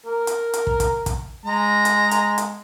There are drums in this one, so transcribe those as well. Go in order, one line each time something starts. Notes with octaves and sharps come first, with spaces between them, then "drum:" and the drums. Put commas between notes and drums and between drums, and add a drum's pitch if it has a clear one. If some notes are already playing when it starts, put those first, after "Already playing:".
A#4
drum: hi-hat
drum: hi-hat
drum: kick
drum: kick, hi-hat
drum: kick, hi-hat
G#3 A#5
drum: hi-hat
drum: hi-hat
drum: hi-hat